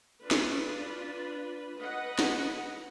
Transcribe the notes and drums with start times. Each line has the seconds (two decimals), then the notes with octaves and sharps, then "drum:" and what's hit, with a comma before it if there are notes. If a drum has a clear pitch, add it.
0.21 D4 F4 B4
0.31 drum: snare
1.77 B4 D#5 F#5
2.19 drum: snare